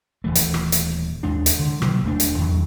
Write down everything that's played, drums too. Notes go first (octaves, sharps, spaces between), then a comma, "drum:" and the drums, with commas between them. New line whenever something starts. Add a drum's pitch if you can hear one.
D#1 E3 A3
drum: hi-hat
drum: rim click
drum: hi-hat
D#2 G#3 D4
drum: hi-hat
D3
B2 F#3 G3 A#3, drum: rim click
D#1 A3 D4
drum: hi-hat
E2 D#3 F#3